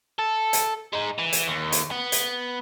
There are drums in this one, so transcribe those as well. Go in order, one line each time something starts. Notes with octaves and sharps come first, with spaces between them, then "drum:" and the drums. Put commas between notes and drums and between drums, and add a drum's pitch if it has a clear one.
A4
drum: hi-hat
G#3 D#4
E3
drum: hi-hat
D#2
drum: hi-hat
B3
drum: hi-hat